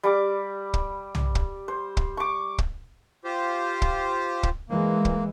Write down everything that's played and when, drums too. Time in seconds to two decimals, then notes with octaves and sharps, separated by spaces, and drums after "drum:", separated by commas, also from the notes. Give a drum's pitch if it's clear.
0.03 G3 D6
0.74 drum: kick
1.15 drum: tom
1.35 drum: kick
1.68 C5
1.97 drum: kick
2.17 C#6 D6
2.58 drum: kick
3.24 F4 G4 C5
3.82 drum: kick
4.43 drum: kick
4.70 E3 G#3 A#3
5.05 drum: kick